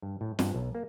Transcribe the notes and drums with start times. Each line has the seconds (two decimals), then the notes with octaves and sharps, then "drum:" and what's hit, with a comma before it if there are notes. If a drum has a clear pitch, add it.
0.02 G2
0.21 A2
0.39 G2, drum: snare
0.54 B1
0.75 A#3